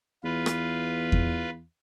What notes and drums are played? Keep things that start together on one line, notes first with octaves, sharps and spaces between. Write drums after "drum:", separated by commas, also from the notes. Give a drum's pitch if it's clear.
E2 F4 B4
drum: rim click
drum: kick E2